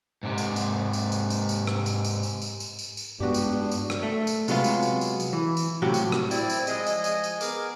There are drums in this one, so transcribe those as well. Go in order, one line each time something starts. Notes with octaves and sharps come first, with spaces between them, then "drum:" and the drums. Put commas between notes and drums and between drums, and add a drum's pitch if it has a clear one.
G#2 C3
drum: tambourine
drum: tambourine
drum: tambourine
drum: tambourine
drum: tambourine
drum: tambourine
drum: rim click
drum: tambourine
drum: tambourine
drum: tambourine
drum: tambourine
drum: tambourine
drum: tambourine
drum: tambourine
G2 G#3 B3 D4 F#4 G4
drum: tambourine
drum: tambourine
drum: rim click
A3
drum: tambourine
C3 F#3 G#3 B3 F4, drum: tambourine
drum: tambourine
drum: tambourine
drum: tambourine
drum: tambourine
E3
drum: tambourine
A2 C3 F3 F#3 F#4 G4
drum: tambourine
drum: rim click
C4 E4 D5, drum: tambourine
drum: tambourine
F3 G#3 G#4 D#5, drum: tambourine
drum: tambourine
G#5, drum: tambourine
drum: tambourine
B3 G#4 A#4 D6, drum: tambourine